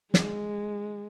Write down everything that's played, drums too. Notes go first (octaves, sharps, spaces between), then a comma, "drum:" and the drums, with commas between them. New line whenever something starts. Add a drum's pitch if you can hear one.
G#3, drum: snare